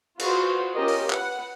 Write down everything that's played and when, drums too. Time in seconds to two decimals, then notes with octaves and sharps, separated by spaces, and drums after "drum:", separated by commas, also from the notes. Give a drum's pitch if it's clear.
0.20 F4 F#4 B4 C5, drum: cymbal
0.74 C#4 F4 G4 A#4 D#5
0.88 drum: open hi-hat
1.10 B4 F#5, drum: clap